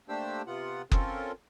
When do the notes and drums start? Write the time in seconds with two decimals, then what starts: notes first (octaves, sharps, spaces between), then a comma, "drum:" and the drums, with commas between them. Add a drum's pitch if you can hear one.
0.09 A3 A#3 D4 G4 C5 E6
0.47 C3 B3 F4 F#5
0.92 C4 C#4 F4 A4 A#4, drum: kick F#1